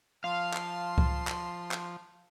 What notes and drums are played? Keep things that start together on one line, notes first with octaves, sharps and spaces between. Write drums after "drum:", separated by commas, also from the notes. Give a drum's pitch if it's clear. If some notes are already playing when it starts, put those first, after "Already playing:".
F3 F5 A5 C6
drum: clap
drum: kick C2
drum: clap
drum: clap